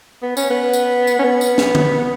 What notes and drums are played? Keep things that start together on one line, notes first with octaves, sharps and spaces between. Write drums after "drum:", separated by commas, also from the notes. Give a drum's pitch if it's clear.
B3
C#4, drum: tambourine
B3
drum: tambourine
drum: tambourine
C#4
B3
drum: tambourine
drum: snare
drum: tom